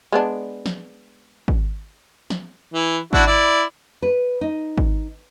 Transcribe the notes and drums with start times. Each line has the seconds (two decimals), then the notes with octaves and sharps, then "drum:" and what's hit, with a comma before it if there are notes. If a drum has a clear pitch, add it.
0.12 G#3 B3 D4
0.66 drum: snare
1.48 drum: kick G#1
2.30 drum: snare
2.74 E3
3.13 D4 E4 F#4, drum: kick G#1
3.27 E4 D5
4.02 B4
4.41 D#4
4.78 drum: kick G#1